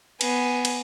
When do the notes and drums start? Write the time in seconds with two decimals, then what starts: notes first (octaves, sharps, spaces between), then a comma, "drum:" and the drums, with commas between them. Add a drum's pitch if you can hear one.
0.21 B3 G#5, drum: cymbal
0.65 drum: cymbal